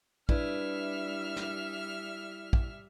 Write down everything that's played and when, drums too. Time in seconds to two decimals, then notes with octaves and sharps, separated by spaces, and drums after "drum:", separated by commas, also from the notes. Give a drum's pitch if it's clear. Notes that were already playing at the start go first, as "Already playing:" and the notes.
0.29 G3 D4 E4 B4 E5 F6, drum: kick
1.37 drum: snare
2.53 drum: kick